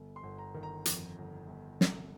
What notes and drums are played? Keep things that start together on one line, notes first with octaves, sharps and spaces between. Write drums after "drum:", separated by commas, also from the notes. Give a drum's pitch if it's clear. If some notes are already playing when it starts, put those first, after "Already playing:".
Already playing: G1
C6
G1
A#5
D#3
A#5
F2, drum: hi-hat
G1
G1
C2, drum: snare